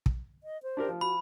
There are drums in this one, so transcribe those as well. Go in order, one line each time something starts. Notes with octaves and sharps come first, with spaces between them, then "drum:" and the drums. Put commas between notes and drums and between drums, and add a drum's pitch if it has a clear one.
drum: kick
D#5
C5
D4 G4 A#4
F3
F#4 B5